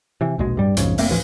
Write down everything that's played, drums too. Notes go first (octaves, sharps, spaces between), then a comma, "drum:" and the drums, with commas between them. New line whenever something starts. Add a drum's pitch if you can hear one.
C3 E3
A#1 D#2 B2 G#3
D1 G2 G3
B1 F2 G#2 C#3, drum: hi-hat
F1 A3 A#3 C4, drum: open hi-hat
A1 D2 E3 F3